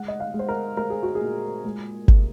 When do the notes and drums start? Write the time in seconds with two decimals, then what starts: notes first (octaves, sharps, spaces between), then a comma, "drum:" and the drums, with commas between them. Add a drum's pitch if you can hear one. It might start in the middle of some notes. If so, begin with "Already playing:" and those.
Already playing: G#3 F#5
0.08 D#5
0.20 F5
0.34 G#3
0.39 C5
0.49 A#4
0.77 G#3 A#4
0.90 G#4
1.03 F#4
1.15 G#4
1.21 A#2
1.65 G#3
2.08 C3, drum: kick G#1